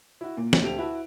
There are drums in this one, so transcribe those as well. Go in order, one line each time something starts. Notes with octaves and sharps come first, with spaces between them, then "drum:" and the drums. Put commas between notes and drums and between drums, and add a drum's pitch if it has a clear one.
E4 F#4
A#2
drum: snare
D2 C4 G4 A4 D7 F7
E4 F#4 B4 A5